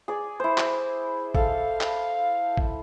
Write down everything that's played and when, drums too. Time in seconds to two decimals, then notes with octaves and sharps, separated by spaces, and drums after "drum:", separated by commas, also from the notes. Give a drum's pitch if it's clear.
0.08 G#4 D5
0.40 E4 C5
0.58 drum: clap
1.35 A4 F5, drum: kick
1.81 drum: clap
2.57 drum: kick